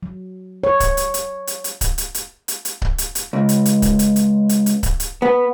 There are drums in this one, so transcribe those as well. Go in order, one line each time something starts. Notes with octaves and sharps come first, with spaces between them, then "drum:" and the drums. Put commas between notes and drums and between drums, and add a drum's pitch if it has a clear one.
F#3
C#5
drum: kick C#1, hi-hat
drum: hi-hat
drum: hi-hat
drum: hi-hat
drum: hi-hat
drum: kick C#1, hi-hat
drum: hi-hat
drum: hi-hat
drum: hi-hat
drum: hi-hat
drum: kick C#1
drum: hi-hat
drum: hi-hat
C#2
drum: hi-hat
drum: hi-hat
drum: kick C#1, hi-hat
drum: hi-hat
drum: hi-hat
drum: hi-hat
drum: hi-hat
drum: kick C#1, hi-hat
drum: hi-hat
B3